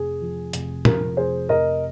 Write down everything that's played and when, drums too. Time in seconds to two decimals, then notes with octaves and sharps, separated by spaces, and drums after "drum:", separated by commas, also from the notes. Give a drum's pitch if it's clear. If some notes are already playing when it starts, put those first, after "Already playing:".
Already playing: F1 G#4
0.21 F3
0.53 F1, drum: hi-hat
0.85 F3 A#4, drum: tom
1.17 F1 G#4 C5
1.49 F1 A#4 D#5